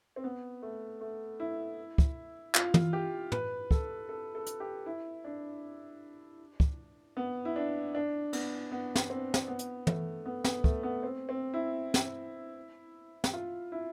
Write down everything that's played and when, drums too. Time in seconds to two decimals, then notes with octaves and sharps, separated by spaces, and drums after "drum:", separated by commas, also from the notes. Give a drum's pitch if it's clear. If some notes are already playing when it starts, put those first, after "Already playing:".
0.16 C4
0.24 B3
0.62 A3
1.01 A3
1.40 E4
1.98 drum: kick
2.55 F4, drum: clap
2.74 drum: tom
2.93 G4
3.32 B4, drum: tom
3.71 A4, drum: kick
4.09 A4
4.35 A4
4.46 drum: hi-hat
4.60 G4
4.86 E4
5.24 D4
6.60 drum: kick
7.17 B3
7.45 E4
7.56 D4
7.95 D4
8.33 B3, drum: cymbal
8.72 B3
8.95 drum: snare
9.10 C4
9.34 drum: snare
9.48 B3
9.59 drum: hi-hat
9.87 A3, drum: tom
10.26 B3
10.44 B3, drum: snare
10.64 A3, drum: kick
10.83 B3
11.03 C4
11.29 C4
11.54 E4
11.94 drum: snare
13.24 drum: snare
13.33 F4
13.72 E4